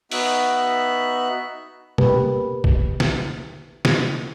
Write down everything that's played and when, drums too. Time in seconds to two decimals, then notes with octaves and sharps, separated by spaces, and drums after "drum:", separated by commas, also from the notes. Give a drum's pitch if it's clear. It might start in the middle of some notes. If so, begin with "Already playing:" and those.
0.12 B3 D#4 F#4 E5 F#6, drum: open hi-hat
1.98 A#3 G4 B4, drum: tom
2.64 drum: kick A1
3.00 drum: snare
3.85 drum: snare